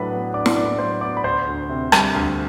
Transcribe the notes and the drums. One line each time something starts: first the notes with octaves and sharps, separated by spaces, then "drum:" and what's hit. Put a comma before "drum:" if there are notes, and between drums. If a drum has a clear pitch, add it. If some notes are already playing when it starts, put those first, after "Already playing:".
Already playing: A2 F#3 D4 B4 B5
B3
D4 D5 D6
drum: snare
A2 D5 D6
F#3 C5 C6
B3 D5 D6
B5
D2 C5 C6
D2
C3
G3, drum: rim click
D2